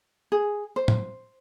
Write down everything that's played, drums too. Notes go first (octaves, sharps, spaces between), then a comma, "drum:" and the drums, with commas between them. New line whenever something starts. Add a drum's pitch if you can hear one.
G#4
C5
drum: tom A2